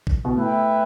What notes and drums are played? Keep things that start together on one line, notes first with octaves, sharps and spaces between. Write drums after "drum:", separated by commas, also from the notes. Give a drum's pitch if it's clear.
drum: kick A1
B2
A2 E4 B4 E5 G5